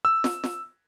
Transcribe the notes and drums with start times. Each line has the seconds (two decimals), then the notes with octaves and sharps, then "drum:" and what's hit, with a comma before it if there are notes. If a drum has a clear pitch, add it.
0.05 E6
0.24 drum: snare
0.44 drum: snare